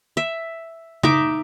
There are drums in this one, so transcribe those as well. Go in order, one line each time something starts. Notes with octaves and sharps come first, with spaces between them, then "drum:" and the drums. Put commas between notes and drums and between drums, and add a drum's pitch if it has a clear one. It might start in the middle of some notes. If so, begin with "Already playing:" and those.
E5
D#4 E5 D6, drum: tom C#3